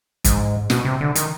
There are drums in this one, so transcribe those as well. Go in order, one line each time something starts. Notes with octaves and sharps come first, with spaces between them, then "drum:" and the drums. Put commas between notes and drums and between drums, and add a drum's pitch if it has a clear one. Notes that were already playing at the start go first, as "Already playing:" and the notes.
G#2, drum: kick, hi-hat
B2, drum: snare
C3
D3
D#3, drum: hi-hat